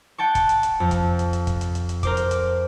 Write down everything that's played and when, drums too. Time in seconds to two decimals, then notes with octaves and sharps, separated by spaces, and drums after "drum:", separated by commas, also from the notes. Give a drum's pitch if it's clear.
0.18 F#5 G5 A5 C#6
0.35 drum: kick, hi-hat
0.49 drum: hi-hat
0.63 drum: hi-hat
0.80 F2
0.91 drum: kick, hi-hat
1.19 drum: hi-hat
1.33 drum: hi-hat
1.47 drum: kick, hi-hat
1.61 drum: hi-hat
1.75 drum: hi-hat
1.89 drum: hi-hat
2.03 A#4 C5 D6, drum: kick, hi-hat
2.17 drum: hi-hat
2.31 drum: hi-hat